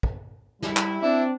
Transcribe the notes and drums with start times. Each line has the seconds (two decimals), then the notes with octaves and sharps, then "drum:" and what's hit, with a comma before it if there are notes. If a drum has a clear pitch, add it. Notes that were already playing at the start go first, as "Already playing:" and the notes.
0.03 drum: kick
0.62 G3 E4, drum: snare
0.76 drum: clap
1.02 C4 D4 E4